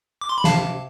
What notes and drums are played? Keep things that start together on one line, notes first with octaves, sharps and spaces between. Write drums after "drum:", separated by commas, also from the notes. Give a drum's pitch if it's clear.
D6
C6
B5
C3 F5 A5, drum: snare